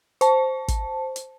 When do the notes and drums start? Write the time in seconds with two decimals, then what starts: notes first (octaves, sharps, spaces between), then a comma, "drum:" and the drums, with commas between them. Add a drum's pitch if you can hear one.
0.21 C5 A5, drum: hi-hat
0.68 drum: kick, hi-hat
1.16 drum: hi-hat